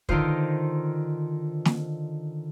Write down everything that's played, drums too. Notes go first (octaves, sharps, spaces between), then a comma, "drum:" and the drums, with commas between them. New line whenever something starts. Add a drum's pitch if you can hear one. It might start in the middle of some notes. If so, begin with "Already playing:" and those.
D3 D#3 D#4 F4 C5, drum: kick
drum: snare